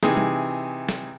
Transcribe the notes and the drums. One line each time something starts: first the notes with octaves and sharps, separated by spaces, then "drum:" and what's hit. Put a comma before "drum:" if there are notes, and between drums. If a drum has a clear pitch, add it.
C3 E3 D#4 G#4, drum: snare
drum: tom
drum: snare